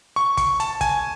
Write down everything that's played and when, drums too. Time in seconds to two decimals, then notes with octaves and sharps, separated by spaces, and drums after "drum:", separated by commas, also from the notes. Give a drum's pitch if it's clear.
0.16 C#6
0.37 C#6, drum: kick, hi-hat
0.60 A5, drum: hi-hat
0.81 G#5, drum: kick, hi-hat